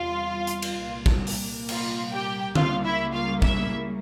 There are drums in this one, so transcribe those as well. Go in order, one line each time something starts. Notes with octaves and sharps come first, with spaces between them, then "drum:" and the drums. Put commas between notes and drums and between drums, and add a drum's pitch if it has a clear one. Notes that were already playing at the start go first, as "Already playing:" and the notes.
Already playing: E2 C3 G3 F4 F5
drum: hi-hat
drum: cymbal
C2 A#2 G3 A#3
drum: kick
drum: open hi-hat
F4 F5, drum: cymbal
G4 G5
C#2 C#3 G3 A#3 F4 F5, drum: tom D3
E4 E5
F4 F5
E4 E5, drum: kick